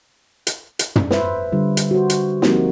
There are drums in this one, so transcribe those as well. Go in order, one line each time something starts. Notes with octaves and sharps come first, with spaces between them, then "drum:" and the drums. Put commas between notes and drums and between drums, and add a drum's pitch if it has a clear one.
drum: hi-hat
drum: hi-hat
drum: tom
B4 C5 E5, drum: snare
D3 G3 F4
drum: hi-hat
F#4 C5
drum: hi-hat
F3 A#3 C4 D#4 F#4 G4, drum: snare